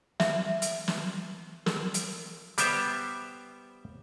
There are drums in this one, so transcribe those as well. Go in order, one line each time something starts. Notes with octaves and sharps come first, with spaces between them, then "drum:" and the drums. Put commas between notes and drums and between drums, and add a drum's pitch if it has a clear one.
E5, drum: snare
drum: hi-hat
drum: snare
A#4, drum: snare
drum: hi-hat
G3 B3 G4 C5 E5, drum: hi-hat